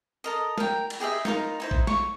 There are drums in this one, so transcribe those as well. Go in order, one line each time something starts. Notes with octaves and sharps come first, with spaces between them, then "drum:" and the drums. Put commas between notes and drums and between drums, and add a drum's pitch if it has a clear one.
A4 A#4 D#5
A#4 G5, drum: snare
drum: cymbal
G4 G#4 D#5 E5
D#4 F4 A#4, drum: snare
D#4 E4 C5
drum: kick A1
C#6, drum: snare